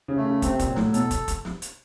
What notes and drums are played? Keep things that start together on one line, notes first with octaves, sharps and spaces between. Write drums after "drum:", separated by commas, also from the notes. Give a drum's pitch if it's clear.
C#3
A3
C#3
C3 C4, drum: kick, hi-hat
A#2, drum: kick, hi-hat
F#3
A2, drum: snare
B2 A4, drum: hi-hat
drum: kick, hi-hat
drum: kick, hi-hat
drum: snare
drum: hi-hat